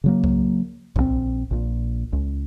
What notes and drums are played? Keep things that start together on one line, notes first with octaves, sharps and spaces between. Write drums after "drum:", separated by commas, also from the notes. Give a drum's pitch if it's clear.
C#3 F#3 A#3
drum: kick C2
A#1 D3 C4, drum: kick C2
A#1 A#2
C#2